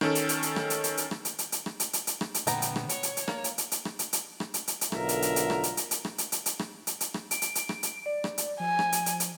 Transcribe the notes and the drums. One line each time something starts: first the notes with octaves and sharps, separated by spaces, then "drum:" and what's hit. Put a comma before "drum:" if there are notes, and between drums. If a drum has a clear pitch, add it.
D#3 C#4 A4, drum: rim click
drum: hi-hat
drum: hi-hat
drum: hi-hat
drum: rim click
drum: hi-hat
drum: hi-hat
drum: hi-hat
drum: rim click
drum: hi-hat
drum: hi-hat
drum: hi-hat
drum: rim click
drum: hi-hat
drum: hi-hat
drum: hi-hat
drum: rim click
drum: hi-hat
A#2 D3 B3 G5 A#5, drum: hi-hat
drum: hi-hat
drum: rim click
C#5, drum: hi-hat
drum: hi-hat
drum: hi-hat
A#3, drum: rim click
drum: hi-hat
drum: hi-hat
drum: hi-hat
drum: rim click
drum: hi-hat
drum: hi-hat
drum: rim click
drum: hi-hat
drum: hi-hat
drum: hi-hat
B1 D3 F4 A#4 E5 A#5, drum: rim click
drum: hi-hat
drum: hi-hat
drum: hi-hat
drum: rim click
drum: hi-hat
drum: hi-hat
drum: hi-hat
drum: rim click
drum: hi-hat
drum: hi-hat
drum: hi-hat
drum: rim click
drum: hi-hat
drum: hi-hat
drum: rim click
D7, drum: hi-hat
drum: hi-hat
drum: hi-hat
drum: rim click
drum: hi-hat
D5
drum: rim click
drum: hi-hat
F3 G#5
drum: rim click
drum: hi-hat
drum: hi-hat
drum: hi-hat